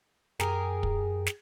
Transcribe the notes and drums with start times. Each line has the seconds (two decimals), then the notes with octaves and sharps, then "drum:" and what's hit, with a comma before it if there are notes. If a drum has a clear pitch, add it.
0.40 F#2 G4 G#4 A#4, drum: snare
0.83 drum: kick
1.26 drum: snare